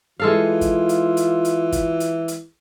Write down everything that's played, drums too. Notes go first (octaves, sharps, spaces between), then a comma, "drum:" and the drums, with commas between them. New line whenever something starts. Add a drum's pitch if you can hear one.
E3 G#3 F4 A4 F5
drum: kick, hi-hat
drum: hi-hat
drum: hi-hat
drum: hi-hat
drum: kick, hi-hat
drum: hi-hat
drum: hi-hat